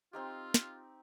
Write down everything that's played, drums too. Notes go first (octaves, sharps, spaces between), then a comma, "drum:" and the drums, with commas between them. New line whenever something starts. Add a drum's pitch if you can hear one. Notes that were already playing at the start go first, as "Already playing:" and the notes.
C4 D#4 F4 G4
drum: snare